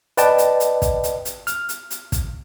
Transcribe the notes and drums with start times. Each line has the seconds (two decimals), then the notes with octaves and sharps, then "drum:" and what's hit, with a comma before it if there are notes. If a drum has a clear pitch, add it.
0.17 B4 D5 D#5 G5 A5, drum: hi-hat
0.38 drum: hi-hat
0.60 drum: hi-hat
0.82 drum: kick, hi-hat
1.03 drum: hi-hat
1.25 drum: hi-hat
1.47 F6, drum: hi-hat
1.69 drum: hi-hat
1.90 drum: hi-hat
2.12 drum: kick, hi-hat